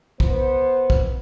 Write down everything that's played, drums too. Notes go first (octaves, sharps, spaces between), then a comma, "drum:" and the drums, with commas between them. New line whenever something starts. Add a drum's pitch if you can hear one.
B3 C5, drum: kick
drum: kick